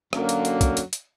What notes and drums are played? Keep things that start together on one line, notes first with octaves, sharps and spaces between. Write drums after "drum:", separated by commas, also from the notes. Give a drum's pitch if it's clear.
F#2 D3 F#3 A#3, drum: rim click
drum: hi-hat
drum: hi-hat
drum: kick, hi-hat
drum: hi-hat
drum: hi-hat